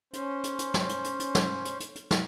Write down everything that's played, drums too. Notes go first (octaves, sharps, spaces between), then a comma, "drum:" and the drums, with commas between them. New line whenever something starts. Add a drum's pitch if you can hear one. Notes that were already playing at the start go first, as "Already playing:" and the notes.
C#4 C5, drum: hi-hat
drum: hi-hat
drum: hi-hat
drum: snare
drum: hi-hat
drum: hi-hat
drum: hi-hat
drum: snare
drum: hi-hat
drum: hi-hat
drum: hi-hat
drum: snare